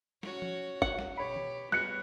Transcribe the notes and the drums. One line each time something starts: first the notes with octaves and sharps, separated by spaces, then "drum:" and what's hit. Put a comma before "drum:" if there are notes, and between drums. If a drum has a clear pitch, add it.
C#4 F#4 C#5, drum: snare
drum: tom F3
F#5, drum: kick
drum: snare
B2 G4 C#5 B5
drum: tom
G3 B3 G#4 F#6 C#7, drum: snare